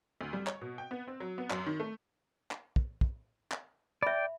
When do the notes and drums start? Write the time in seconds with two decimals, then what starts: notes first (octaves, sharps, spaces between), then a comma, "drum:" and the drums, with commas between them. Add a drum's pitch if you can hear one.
0.21 D2
0.33 G3
0.47 C#5, drum: clap
0.61 B2
0.78 G5
0.91 B3
1.07 C4
1.20 F#3
1.38 B3
1.50 F#2, drum: clap
1.66 D#3
1.80 A3
2.51 drum: clap
2.76 drum: kick
3.01 drum: kick
3.52 drum: clap
4.02 D5 E5 G5 B5